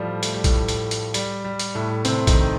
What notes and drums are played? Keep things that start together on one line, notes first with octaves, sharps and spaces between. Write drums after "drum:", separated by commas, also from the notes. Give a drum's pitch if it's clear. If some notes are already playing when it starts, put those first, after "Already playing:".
Already playing: A2 F3 G3 A3
A3, drum: hi-hat
G3
A2 A3, drum: kick, hi-hat
drum: hi-hat
drum: hi-hat
G3, drum: hi-hat
G3
drum: hi-hat
A2 A3
C3 C4, drum: hi-hat
D#3 D#4, drum: kick, hi-hat